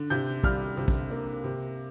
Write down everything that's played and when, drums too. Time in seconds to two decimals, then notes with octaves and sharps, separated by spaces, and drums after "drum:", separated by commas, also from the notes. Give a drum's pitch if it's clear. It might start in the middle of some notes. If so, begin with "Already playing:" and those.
Already playing: D3
0.10 C3 G6
0.44 G3 F6, drum: kick
0.77 C3
0.88 drum: kick
1.10 A#3
1.44 C3